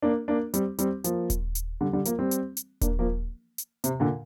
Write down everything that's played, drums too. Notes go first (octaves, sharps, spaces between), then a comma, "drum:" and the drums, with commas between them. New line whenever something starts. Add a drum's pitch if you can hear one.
A#3 D4
A#3 D4
G3 C4, drum: hi-hat
G3 C4, drum: hi-hat
F3 A#3, drum: hi-hat
drum: kick D#1, hi-hat
drum: hi-hat
D3 G3
D3 G3
F3 A#3, drum: hi-hat
G3 C4
drum: hi-hat
drum: hi-hat
A#3 D4, drum: kick D#1, hi-hat
F3 A#3
drum: hi-hat
C3, drum: hi-hat
A#2 D3